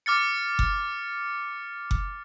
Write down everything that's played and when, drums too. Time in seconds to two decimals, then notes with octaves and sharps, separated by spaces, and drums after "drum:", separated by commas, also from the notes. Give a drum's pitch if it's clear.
0.06 D6 F6 A6 C#7
0.59 drum: kick F#1
1.91 drum: kick F#1